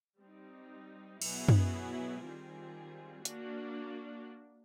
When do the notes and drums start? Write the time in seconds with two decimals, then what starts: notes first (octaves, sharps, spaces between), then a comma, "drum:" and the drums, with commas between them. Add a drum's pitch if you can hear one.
0.20 G3 C4 D#4
1.22 B2 F#3 B3 E4 G#4, drum: cymbal
1.49 drum: tom F#2
2.24 D#3 G3 C4 F4 G#4
3.25 A#3 D4 F#4, drum: hi-hat